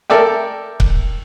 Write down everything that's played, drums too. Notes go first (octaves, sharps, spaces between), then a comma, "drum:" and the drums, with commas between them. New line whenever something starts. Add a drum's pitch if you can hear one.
A4 A#4 D5 E5 G5
drum: kick C#1